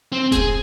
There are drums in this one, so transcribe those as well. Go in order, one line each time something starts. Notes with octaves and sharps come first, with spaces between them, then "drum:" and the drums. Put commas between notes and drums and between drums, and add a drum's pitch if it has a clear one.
C4
G#4, drum: kick E1, hi-hat